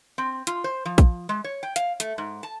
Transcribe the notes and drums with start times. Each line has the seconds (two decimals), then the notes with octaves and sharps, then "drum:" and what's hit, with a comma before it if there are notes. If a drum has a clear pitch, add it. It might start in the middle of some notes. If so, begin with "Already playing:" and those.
0.18 C4
0.47 F4, drum: hi-hat
0.64 C5
0.85 F3
0.98 drum: kick A#1, hi-hat
1.29 G#3
1.44 C#5
1.63 G5
1.76 F5, drum: hi-hat
2.00 A3, drum: hi-hat
2.18 G#2
2.43 A5